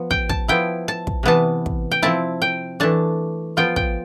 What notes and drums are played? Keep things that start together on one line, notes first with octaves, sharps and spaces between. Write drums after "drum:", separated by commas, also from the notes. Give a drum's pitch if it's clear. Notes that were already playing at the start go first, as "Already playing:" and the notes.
Already playing: F3 B3
G5, drum: kick
A5, drum: kick
F3 B3 E4 G5
A5
drum: kick
C3 E3 B3 A5
drum: kick
G5
F3 C4 E4 A5
G5
E3 A3 D4 A5
F3 B3 F4 G5
G5, drum: kick